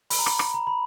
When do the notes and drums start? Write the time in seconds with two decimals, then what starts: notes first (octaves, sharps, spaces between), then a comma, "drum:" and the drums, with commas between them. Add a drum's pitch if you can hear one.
0.10 B5, drum: open hi-hat
0.19 A#5
0.26 B5, drum: rim click
0.39 drum: rim click
0.54 A#5
0.67 B5